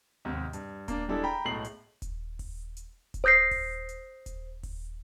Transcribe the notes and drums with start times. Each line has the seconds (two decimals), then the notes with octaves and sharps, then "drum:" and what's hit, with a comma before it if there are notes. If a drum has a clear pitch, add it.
0.25 D#2 G#2 C3
0.53 G2, drum: hi-hat
0.88 A#3 D4, drum: kick D#1, hi-hat
1.08 G3 G#3 D4 E4 G#4 A4
1.24 G5 A#5 B5
1.45 B1 A2 G#3 C7 F#7
1.65 drum: hi-hat
2.02 drum: kick D#1, hi-hat
2.39 drum: kick D#1, open hi-hat
2.77 drum: hi-hat
3.14 drum: kick D#1, hi-hat
3.24 C5 D#6 G6 A#6 C7
3.51 drum: kick D#1, open hi-hat
3.89 drum: hi-hat
4.26 drum: kick D#1, hi-hat
4.63 drum: kick D#1, open hi-hat